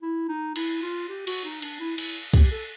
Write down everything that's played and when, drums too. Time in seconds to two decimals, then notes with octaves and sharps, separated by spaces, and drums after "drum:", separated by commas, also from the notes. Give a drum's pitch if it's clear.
0.03 E4
0.29 D#4
0.56 E4, drum: cymbal
0.83 F4
1.09 G4
1.27 F#4, drum: cymbal
1.45 D#4
1.62 D4, drum: cymbal
1.80 E4
1.98 E4, drum: cymbal
2.34 G4, drum: kick, cymbal
2.52 A4